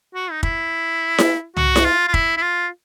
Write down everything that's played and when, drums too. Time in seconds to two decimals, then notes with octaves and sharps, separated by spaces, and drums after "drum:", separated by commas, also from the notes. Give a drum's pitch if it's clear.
0.14 F#4
0.31 D#4
0.43 E4, drum: kick
1.18 drum: snare E4
1.57 F#4, drum: tom
1.76 drum: snare E4
1.85 F4
2.08 F4
2.14 E4, drum: kick
2.37 E4
2.42 F4